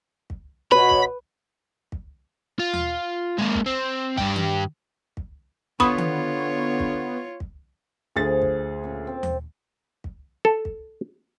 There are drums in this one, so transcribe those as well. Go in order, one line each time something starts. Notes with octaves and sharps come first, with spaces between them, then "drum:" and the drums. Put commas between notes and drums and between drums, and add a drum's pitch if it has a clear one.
drum: kick
B2 F#4 B4 C#5 B5
drum: kick
drum: kick
F4
drum: tom D#2
G#3 A#3
drum: kick
C4
G2 G4, drum: kick
drum: tom D#3
drum: kick
D3 B3 F4 C#5 B5 C#6 D#6, drum: kick
drum: tom D#3
drum: kick
drum: kick
D2 F3 G#4 C5 A6
drum: kick
A#2 C#3
C4
drum: tom D#2
drum: kick
A4
drum: kick